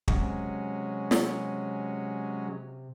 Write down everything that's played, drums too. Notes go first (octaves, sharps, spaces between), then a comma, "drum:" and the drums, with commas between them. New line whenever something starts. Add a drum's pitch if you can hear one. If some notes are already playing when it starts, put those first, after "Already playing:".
C3 F#3 G#3 C#4, drum: kick
drum: snare